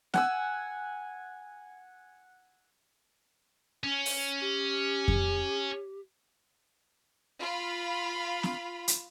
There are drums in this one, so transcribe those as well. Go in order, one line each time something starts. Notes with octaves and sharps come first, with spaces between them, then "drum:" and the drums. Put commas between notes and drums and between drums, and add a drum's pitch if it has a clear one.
F#5 G#5 E6, drum: snare
C#4
drum: open hi-hat
G4
drum: kick F2
F4 B5
drum: snare
drum: hi-hat